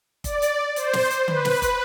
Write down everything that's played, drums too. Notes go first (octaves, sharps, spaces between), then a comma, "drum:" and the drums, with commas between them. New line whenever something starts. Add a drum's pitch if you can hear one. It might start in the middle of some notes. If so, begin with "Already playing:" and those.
D5, drum: kick, hi-hat
drum: hi-hat
C5, drum: hi-hat
drum: snare
drum: hi-hat
B4, drum: tom D3
drum: snare
drum: kick, hi-hat